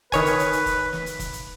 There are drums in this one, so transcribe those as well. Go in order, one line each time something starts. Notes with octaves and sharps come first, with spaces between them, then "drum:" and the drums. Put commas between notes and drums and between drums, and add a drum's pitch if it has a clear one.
D#3 B4 C#5 G#5, drum: kick, hi-hat
drum: hi-hat
drum: hi-hat
drum: hi-hat
drum: kick, hi-hat
drum: snare
drum: hi-hat
drum: kick, hi-hat
drum: hi-hat